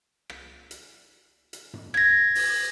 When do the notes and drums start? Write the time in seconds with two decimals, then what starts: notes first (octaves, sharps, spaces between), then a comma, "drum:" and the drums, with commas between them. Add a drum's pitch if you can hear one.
0.30 drum: rim click
0.71 drum: hi-hat
1.53 drum: hi-hat
1.73 drum: tom F#2
1.94 G#6 A#6, drum: rim click
2.35 drum: open hi-hat